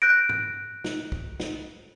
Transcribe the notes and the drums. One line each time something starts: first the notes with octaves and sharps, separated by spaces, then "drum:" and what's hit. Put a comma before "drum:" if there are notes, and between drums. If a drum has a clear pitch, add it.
F#6 G6 A#6 D7
drum: tom
drum: snare
drum: kick B1
drum: snare